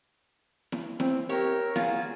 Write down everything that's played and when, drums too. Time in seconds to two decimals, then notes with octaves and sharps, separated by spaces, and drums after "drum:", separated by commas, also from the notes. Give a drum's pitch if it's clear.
0.72 drum: snare E4
1.00 C4, drum: snare E4
1.29 E4 G4 A#4 C#5
1.76 F4 F#4 G#4, drum: snare E4